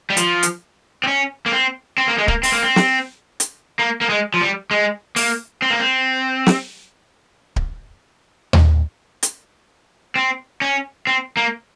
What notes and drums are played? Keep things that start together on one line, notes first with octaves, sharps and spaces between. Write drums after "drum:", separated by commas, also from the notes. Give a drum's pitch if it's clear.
G3
F3, drum: hi-hat
drum: hi-hat
C4
C#4
A#3
C4
C4
A#3
G#3
A#3, drum: kick D1
C4, drum: open hi-hat
A#3
C4
drum: snare
drum: hi-hat
A#3
A#3
G#3
F3
G3
G#3
A#3, drum: open hi-hat
C4
A#3
C4
drum: snare
drum: kick D1
drum: tom D#2
drum: hi-hat
C4
C#4
C4
A#3